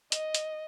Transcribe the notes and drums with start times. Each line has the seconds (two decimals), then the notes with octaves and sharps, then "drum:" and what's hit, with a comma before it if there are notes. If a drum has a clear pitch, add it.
0.12 D#5, drum: hi-hat
0.35 drum: hi-hat